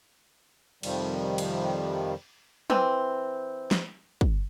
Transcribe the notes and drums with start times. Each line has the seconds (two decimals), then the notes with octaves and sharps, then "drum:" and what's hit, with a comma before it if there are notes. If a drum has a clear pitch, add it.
0.83 F2 C3 D#3 F3 G3, drum: cymbal
1.38 drum: cymbal
2.70 E3 C4, drum: tom
3.71 drum: snare
4.21 drum: kick